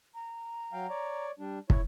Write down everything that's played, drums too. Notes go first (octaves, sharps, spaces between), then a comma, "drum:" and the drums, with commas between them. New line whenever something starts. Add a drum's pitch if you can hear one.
A#5
F#3 F5 G5
C#5 D5
G3 D4
E4 C#5, drum: kick